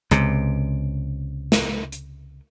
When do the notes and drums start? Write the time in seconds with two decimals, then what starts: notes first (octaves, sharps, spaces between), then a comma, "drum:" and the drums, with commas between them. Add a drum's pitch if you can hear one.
0.11 C#2 C3, drum: hi-hat
1.52 drum: snare
1.92 drum: hi-hat